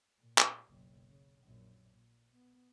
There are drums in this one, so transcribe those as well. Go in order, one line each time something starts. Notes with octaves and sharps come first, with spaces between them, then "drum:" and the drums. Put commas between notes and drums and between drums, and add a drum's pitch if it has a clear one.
A#2
drum: clap
F#1 B1
C#3
A#1 F#2
A#2
B3